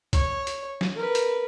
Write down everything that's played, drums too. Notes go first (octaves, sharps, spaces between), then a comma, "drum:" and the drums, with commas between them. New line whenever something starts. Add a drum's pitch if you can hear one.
C#5, drum: kick C2, hi-hat
drum: hi-hat
drum: snare
A#4 B4
drum: hi-hat